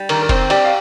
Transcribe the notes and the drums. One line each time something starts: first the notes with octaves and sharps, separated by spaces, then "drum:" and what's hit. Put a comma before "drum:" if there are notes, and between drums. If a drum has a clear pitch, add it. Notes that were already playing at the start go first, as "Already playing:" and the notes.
Already playing: G3
D#3 A#4, drum: cymbal
A#4
C4 C5, drum: kick F1, cymbal
G4 D5, drum: cymbal
F5